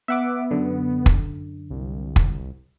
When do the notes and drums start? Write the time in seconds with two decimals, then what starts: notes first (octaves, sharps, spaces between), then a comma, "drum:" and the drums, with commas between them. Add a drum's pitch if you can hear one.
0.08 B3 E5 F#5 D6
0.51 F#2 D3
1.06 drum: kick
1.70 C2
2.16 drum: kick